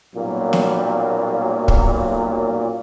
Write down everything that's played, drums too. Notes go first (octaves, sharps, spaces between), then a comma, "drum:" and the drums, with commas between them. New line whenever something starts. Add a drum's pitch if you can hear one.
B1 F#2 A#2 F#3 G3 A#3
drum: snare
drum: kick